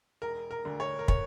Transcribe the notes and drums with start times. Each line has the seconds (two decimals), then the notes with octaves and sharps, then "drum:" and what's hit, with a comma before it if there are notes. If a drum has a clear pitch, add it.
0.22 E1 A#4
0.51 A#4
0.65 D2 D3
0.80 C#5
0.99 A#4
1.08 C#5, drum: kick